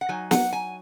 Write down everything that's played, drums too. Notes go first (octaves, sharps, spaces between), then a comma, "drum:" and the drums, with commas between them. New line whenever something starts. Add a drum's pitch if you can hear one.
F#5
F#3 D#4 G#5
F#5, drum: snare
G#5